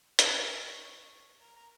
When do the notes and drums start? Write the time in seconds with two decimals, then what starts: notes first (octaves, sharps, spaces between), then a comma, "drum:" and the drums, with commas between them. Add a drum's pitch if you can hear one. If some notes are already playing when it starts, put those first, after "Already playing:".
0.19 C#5, drum: hi-hat
1.40 A#4
1.56 A#4